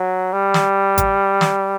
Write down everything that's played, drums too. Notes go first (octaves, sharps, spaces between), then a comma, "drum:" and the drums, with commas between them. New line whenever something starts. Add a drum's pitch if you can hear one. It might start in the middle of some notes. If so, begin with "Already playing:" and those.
Already playing: F#3
G3
drum: snare
drum: kick G#1, hi-hat
drum: snare